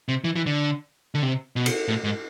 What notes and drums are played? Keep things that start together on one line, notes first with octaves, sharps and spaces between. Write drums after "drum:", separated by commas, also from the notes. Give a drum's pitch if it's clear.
C3
E3
E3
D3
D3
C3
B2
drum: cymbal
A2
G#2